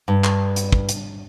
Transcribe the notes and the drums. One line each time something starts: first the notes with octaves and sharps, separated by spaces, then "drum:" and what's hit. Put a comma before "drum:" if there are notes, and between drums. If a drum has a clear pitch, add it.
G2
drum: clap
drum: hi-hat
drum: kick
drum: hi-hat